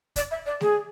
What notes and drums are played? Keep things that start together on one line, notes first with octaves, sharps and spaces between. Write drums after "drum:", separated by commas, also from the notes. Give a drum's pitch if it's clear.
D5, drum: kick, hi-hat
E5
D5
G#4, drum: snare